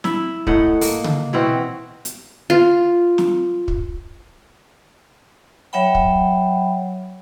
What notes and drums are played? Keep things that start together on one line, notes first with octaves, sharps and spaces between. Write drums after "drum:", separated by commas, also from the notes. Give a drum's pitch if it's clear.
E4 E5, drum: snare
A2 D#4 F#5, drum: kick
A#3, drum: open hi-hat
drum: tom C#3
B2 E3 C4 F#4
drum: hi-hat
F4
drum: snare
drum: kick
F#3 C#5 E5 F#5 G5 B5
drum: kick